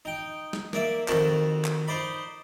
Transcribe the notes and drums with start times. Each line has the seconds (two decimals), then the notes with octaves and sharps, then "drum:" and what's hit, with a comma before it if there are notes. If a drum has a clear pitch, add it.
0.05 D#4 G5
0.53 drum: snare
0.73 A#3 D5 E5, drum: snare
1.08 F2 D#3 F#4 A4 C#6, drum: clap
1.65 drum: clap
1.87 D#4 C5 D5 B5